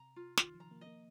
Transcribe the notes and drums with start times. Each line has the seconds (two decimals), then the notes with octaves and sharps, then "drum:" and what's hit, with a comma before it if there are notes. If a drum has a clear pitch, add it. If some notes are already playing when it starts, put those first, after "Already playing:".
Already playing: C3 A#5
0.16 F4
0.37 D#3 F4, drum: snare
0.54 F3
0.60 A#5
0.71 A#3
0.81 D#5
0.87 A#3